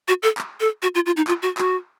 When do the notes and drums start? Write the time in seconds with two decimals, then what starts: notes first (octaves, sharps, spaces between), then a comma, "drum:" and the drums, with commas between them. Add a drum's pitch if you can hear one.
0.08 F#4
0.23 A4
0.38 drum: clap
0.60 A4
0.82 F#4
0.95 F4
1.06 F4
1.17 D#4
1.28 F4, drum: clap
1.42 F#4
1.58 F#4, drum: clap